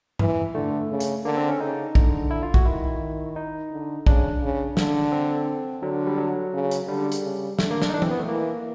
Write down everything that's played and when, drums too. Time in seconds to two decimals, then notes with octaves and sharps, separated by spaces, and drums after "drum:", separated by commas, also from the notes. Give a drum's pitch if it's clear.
0.19 E3, drum: tom G2
0.55 D3 A3
0.90 C#3
1.00 drum: hi-hat
1.25 D3 A#3
1.37 C4
1.49 C#4
1.60 C#3 D#4
1.95 D3, drum: kick
2.31 E4
2.43 F4
2.54 F#4, drum: kick
2.65 D#3 E4
3.36 D#4
3.71 D3
4.07 C#3 D4, drum: kick
4.42 C#3
4.77 D3, drum: snare
5.12 C4
5.82 D3 F#3
6.07 G3
6.17 F#3
6.53 C#3
6.71 drum: hi-hat
6.87 D3 G3
7.12 drum: hi-hat
7.24 C#3
7.59 D3 A3, drum: snare
7.71 A#3
7.82 D4, drum: snare
7.89 D#4
7.94 E3 D4
8.02 C4, drum: tom E3
8.11 B3
8.20 A3
8.28 E3 A#3